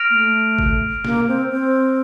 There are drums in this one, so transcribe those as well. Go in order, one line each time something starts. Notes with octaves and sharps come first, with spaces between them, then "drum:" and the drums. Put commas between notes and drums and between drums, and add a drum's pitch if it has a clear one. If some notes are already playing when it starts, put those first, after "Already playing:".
Already playing: F6 A#6 D7 F7
A#3
A3
drum: kick G#1
A#3, drum: snare
C4
C4